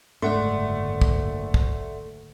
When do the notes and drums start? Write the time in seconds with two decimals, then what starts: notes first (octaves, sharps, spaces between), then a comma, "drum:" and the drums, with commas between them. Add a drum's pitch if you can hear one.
0.22 F#1 D2 G#2 A3 D5 F#5 C6
1.02 drum: kick
1.54 drum: kick